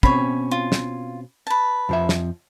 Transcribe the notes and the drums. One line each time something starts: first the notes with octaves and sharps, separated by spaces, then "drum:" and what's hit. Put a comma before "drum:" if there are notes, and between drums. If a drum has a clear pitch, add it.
B2 C4 C#4 C#5 B5, drum: kick
F4
drum: snare
B4 A5
F2 F3 E5
drum: snare